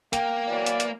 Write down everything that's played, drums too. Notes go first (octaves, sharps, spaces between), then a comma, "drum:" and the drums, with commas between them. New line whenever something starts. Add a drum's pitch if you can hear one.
A#3 F5 G5, drum: hi-hat
E3 F#3 D5
drum: hi-hat
drum: hi-hat